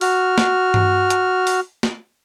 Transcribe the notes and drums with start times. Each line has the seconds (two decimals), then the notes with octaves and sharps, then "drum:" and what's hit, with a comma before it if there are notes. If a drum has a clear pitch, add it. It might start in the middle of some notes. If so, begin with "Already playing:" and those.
0.01 F#4 F6, drum: open hi-hat
0.38 drum: snare
0.74 drum: tom G2
1.10 drum: hi-hat
1.47 drum: open hi-hat
1.83 drum: snare